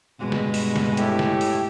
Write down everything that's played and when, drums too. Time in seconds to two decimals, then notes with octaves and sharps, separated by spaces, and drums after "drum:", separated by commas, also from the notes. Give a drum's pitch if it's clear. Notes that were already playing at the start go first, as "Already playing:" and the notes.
0.19 G2 B2 G#3
0.32 drum: snare
0.54 drum: open hi-hat
0.76 drum: snare
0.97 A2 E4 G4, drum: hi-hat
1.19 drum: snare
1.41 drum: open hi-hat